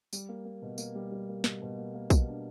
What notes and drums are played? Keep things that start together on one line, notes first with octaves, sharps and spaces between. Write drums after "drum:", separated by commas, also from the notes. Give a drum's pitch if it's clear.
G3, drum: tambourine
A#3
A#3
B2
A#3, drum: tambourine
G3
G3
A#3
B2, drum: snare
B2
A#3
A#3
B2, drum: kick, tambourine
D4